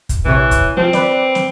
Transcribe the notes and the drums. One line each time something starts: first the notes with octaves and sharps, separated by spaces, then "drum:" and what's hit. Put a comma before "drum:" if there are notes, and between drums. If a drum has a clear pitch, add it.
drum: kick, hi-hat
A#1 C3 E3 C#5
drum: kick, hi-hat
F3 C4
B4 D5, drum: snare
drum: snare